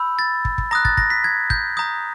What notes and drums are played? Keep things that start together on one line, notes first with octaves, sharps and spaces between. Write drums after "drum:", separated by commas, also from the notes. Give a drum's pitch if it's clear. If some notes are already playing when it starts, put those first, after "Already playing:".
Already playing: B5 E6 G6
A6
drum: kick
drum: kick
A#5 D#6 F#6 A#6
A6, drum: kick
A#6, drum: kick
B6
G#6
G6, drum: kick
A#5 D#6 G6